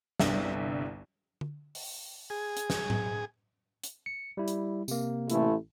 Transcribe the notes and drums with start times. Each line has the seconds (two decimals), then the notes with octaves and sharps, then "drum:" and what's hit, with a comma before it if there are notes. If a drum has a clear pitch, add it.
0.20 G1 C2 D3 E5, drum: snare
1.41 drum: tom D3
1.75 drum: open hi-hat
2.30 G#4
2.57 drum: hi-hat
2.70 drum: snare
2.90 drum: tom A2
3.84 drum: hi-hat
4.06 C#7
4.37 G3 E4
4.48 drum: hi-hat
4.88 C3 A#3, drum: tambourine
5.30 A1 A3 E4, drum: hi-hat